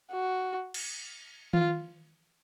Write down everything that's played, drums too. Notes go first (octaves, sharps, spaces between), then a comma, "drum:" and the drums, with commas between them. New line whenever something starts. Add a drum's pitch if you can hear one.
F#4
drum: cymbal
F4, drum: tom D#3